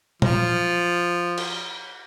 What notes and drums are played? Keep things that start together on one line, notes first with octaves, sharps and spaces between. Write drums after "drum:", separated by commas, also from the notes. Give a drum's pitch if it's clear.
F3, drum: tom A#2
drum: cymbal